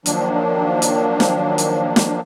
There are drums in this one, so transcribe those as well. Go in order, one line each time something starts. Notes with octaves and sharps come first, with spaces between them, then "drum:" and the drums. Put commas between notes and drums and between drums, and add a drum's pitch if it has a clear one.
D#3 F3 F#3 A#3 D4, drum: hi-hat
drum: hi-hat
drum: snare
drum: hi-hat
drum: snare